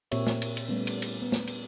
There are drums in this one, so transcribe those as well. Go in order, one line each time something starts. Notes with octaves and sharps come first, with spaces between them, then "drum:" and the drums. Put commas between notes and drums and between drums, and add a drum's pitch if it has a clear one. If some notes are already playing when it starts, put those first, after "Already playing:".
A#2 A#3 C4 G4 C#5 E5, drum: cymbal
drum: snare
drum: cymbal
drum: cymbal
G3 A3 B3 C#4
drum: cymbal
drum: cymbal
B3
drum: snare
drum: cymbal